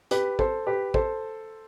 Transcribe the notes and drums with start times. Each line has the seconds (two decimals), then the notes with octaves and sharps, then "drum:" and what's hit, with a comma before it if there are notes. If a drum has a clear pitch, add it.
0.11 G4 B4, drum: hi-hat
0.39 A4 C5, drum: kick
0.67 G4 B4
0.94 A4 C5, drum: kick